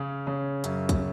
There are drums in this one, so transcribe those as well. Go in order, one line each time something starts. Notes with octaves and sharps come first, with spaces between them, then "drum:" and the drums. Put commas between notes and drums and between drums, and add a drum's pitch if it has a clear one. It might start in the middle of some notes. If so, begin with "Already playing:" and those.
Already playing: C#3 C#4
C#3
F#2, drum: hi-hat
drum: kick, hi-hat